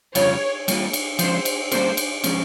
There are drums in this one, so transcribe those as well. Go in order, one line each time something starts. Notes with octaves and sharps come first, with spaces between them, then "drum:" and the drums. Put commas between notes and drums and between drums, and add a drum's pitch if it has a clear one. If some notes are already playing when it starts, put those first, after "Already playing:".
F2 C#3 G3 C#4 F4 C#5, drum: cymbal
G3 A#3 F4, drum: cymbal
drum: cymbal
F3 G#3 C#4 C5, drum: cymbal
drum: cymbal
G3 A#3 C#4 G4 A#4 C5, drum: cymbal
drum: cymbal
F3 G#3 C#4 G4, drum: cymbal